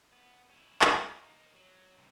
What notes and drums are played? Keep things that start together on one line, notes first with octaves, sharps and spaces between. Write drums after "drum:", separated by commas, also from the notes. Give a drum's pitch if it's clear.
B3
C#4 E4
drum: clap
D#4
A#3 D#4
F#3
G2 C3